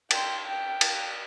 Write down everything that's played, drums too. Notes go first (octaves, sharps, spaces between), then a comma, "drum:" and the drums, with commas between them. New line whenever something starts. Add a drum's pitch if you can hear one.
G5 C6, drum: cymbal
G5
drum: cymbal